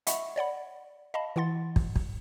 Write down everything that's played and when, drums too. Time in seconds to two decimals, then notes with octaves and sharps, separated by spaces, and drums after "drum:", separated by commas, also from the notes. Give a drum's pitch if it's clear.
0.07 D#5 E5 F#5 B5 C#6, drum: hi-hat
0.36 C#5 D5 F#5 B5
1.14 D#5 F5 A5 B5
1.36 E3 E4 F#5 C6 A6
1.76 drum: kick
1.96 drum: kick